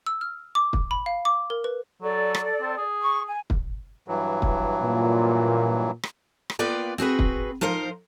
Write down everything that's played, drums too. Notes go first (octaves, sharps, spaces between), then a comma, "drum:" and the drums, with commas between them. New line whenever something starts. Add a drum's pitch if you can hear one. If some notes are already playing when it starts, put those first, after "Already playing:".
E6
F6
D6
drum: kick
B5
F5
D6
A#4
B4
F#3 A4 D5
drum: rim click
C4
G#4
C#6
G#5
drum: kick
G2 E3 F#3
drum: kick
A#2
drum: rim click
drum: rim click
A#3 B3 F4 B4 D5 G5
C4 F#4 G#4 B4
drum: kick
F3 D#4 A#4 C5 F5